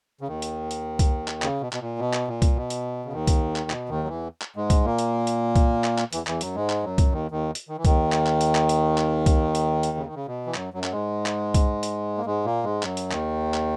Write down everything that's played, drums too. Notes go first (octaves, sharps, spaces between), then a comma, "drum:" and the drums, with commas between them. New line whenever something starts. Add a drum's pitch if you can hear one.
C#3
D#2 D#3
drum: hi-hat
drum: hi-hat
drum: kick C2, hi-hat
drum: clap
C#3, drum: clap
B2
B2, drum: clap
A#2
B2
drum: clap
A#2
drum: kick C2, hi-hat
B2
drum: hi-hat
C#3
D#2 D#3
drum: kick C2, hi-hat
drum: clap
B2, drum: clap
D#2 D#3
F#3
E2 E3
drum: clap
G#2 G#3
drum: kick C2, hi-hat
A#2 A#3
drum: hi-hat
drum: hi-hat
drum: kick C2, hi-hat
drum: clap
drum: clap
E2 E3, drum: hi-hat
E2 E3, drum: clap
F#2 F#3, drum: hi-hat
G#2 G#3
drum: clap
F#2 F#3
drum: kick C2, hi-hat
D#2 D#3
D#2 D#3
drum: hi-hat
D#3
E3
D#2 D#3, drum: kick C2, hi-hat
drum: clap
drum: clap
drum: hi-hat
drum: clap
drum: hi-hat
drum: clap
drum: kick C2, hi-hat
drum: hi-hat
drum: hi-hat
C#3
D#3
C#3
B2
E3
F#2 F#3, drum: clap
F#2 F#3
F#3, drum: clap
G#2 G#3
drum: clap
drum: kick C2, hi-hat
drum: hi-hat
A#3
G#2 G#3
A#2 A#3
G#2 G#3
F#2 F#3, drum: clap
drum: hi-hat
D#2 D#3, drum: clap
drum: clap